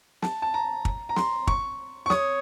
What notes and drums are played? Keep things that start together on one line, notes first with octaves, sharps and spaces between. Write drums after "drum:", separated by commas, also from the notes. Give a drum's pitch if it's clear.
A5, drum: snare
A5
A#5
drum: kick
A#5
C6, drum: snare
C#6, drum: kick
C#6
C#5 D#6, drum: snare